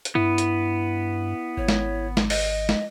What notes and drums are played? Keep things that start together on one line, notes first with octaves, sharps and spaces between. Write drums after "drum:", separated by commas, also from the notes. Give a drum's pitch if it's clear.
drum: hi-hat
G2 B3 E4
drum: hi-hat
G#1 C#5
drum: snare
drum: snare
D#5, drum: open hi-hat
drum: snare